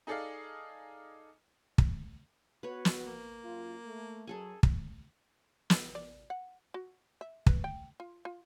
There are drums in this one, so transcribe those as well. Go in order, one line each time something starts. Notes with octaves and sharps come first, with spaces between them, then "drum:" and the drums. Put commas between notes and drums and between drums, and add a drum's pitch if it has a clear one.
D#4 G#4 A4 D5 D#5 F5
drum: kick
B3 F#4 B4 C#5
drum: snare
A#3
F#2 F4
A3
F#2 F#3 G#4 A4 G#5
drum: kick
drum: snare
D5
F#5
F#4
E5
B4, drum: kick
G5
F4
F4